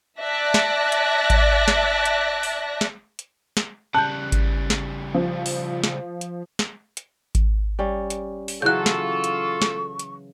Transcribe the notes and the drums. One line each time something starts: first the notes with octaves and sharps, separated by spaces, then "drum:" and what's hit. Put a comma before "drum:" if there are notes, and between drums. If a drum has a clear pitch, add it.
D5 E5 A5 F#6 A#6
drum: snare
drum: hi-hat
drum: kick G#1, hi-hat
drum: snare
drum: hi-hat
drum: open hi-hat
drum: snare
drum: hi-hat
drum: snare
C#3 G3 A5 F#6 G6
drum: kick G#1, hi-hat
drum: snare
F3
drum: open hi-hat
drum: snare
drum: hi-hat
drum: snare
drum: hi-hat
drum: kick G#1, hi-hat
G3 C#4
drum: hi-hat
drum: open hi-hat
C#3 E3 F#3 F4 A4 C#6 F#6 G6
drum: snare
drum: hi-hat
drum: snare
drum: hi-hat